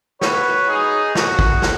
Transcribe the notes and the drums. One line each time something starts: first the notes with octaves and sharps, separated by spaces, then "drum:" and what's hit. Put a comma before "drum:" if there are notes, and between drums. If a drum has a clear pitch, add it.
F#4 B4 C#5, drum: snare
D#4 G#4
F#4, drum: snare
drum: kick
drum: snare